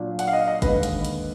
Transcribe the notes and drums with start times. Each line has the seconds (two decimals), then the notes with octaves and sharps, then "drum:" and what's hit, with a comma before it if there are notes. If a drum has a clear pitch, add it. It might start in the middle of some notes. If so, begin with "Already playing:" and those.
Already playing: A#2 F#3 D4
0.19 F#5, drum: hi-hat
0.28 F5
0.33 D#5
0.47 D#5
0.62 D#2 D3 G#3 B4, drum: kick G1, hi-hat
0.83 drum: hi-hat
1.05 drum: hi-hat